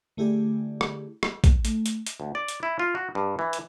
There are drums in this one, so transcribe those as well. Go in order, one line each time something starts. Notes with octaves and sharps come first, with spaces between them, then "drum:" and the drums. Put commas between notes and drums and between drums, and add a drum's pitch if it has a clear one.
D3 A3 E4 G4 G#4 D5
drum: rim click
drum: rim click
drum: kick A1, hi-hat
A3, drum: hi-hat
drum: hi-hat
drum: hi-hat
D2
D5
drum: hi-hat
E4
F4
F#4
G2
E3
drum: hi-hat